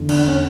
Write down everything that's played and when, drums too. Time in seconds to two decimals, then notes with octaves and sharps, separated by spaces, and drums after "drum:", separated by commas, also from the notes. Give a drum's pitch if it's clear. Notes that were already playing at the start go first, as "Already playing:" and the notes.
Already playing: E2 D3
0.09 D4, drum: cymbal
0.28 C#4